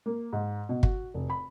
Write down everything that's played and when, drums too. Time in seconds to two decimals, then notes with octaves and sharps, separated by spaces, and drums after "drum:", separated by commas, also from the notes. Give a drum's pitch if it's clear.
0.06 A#3
0.33 G#2
0.69 B2
0.83 F#4, drum: kick G1
1.14 F1
1.30 B5